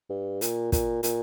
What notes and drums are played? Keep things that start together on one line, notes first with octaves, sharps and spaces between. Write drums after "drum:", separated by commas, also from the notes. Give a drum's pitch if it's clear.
G2
A#2, drum: hi-hat
A#2, drum: kick, hi-hat
A#2, drum: hi-hat